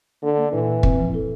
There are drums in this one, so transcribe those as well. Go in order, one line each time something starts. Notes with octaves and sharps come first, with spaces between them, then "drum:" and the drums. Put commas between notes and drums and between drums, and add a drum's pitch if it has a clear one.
D3 A#3
A#3
A#2 E3
A#2
C4, drum: kick
F3
A4